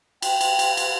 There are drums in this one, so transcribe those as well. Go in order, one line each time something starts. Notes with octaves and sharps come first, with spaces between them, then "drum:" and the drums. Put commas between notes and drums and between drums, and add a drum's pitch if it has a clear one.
G5, drum: cymbal
drum: cymbal
drum: cymbal
drum: cymbal